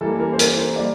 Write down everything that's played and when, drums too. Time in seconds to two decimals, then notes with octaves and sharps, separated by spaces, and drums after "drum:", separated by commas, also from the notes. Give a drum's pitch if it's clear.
0.01 E3 G3 A#3 A4
0.20 A#4
0.33 C5
0.39 A#4, drum: hi-hat
0.57 C5
0.76 G3 A#3 D5